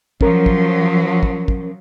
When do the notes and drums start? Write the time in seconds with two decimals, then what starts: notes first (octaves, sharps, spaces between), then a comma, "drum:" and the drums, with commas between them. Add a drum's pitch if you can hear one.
0.21 F3 F#3 C#4 A#4, drum: kick
0.46 drum: kick
1.23 drum: kick
1.48 drum: kick